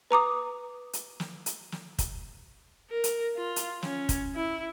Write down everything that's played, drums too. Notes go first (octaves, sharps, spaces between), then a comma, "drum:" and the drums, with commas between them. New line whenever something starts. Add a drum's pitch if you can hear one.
B4 A#5 D6 D#6
drum: hi-hat
drum: snare
drum: hi-hat
drum: snare
drum: kick, hi-hat
A#4
drum: hi-hat
F4
drum: hi-hat
C#4, drum: snare
drum: kick, hi-hat
E4